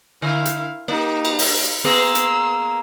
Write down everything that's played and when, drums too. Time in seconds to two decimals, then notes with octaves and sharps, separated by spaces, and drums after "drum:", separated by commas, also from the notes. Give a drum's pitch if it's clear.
0.22 D3 E4 F5
0.45 drum: hi-hat
0.88 A#3 D#4 G4
1.25 drum: cymbal
1.39 drum: open hi-hat
1.84 A#3 B3 G#4 C6 E6
2.15 drum: hi-hat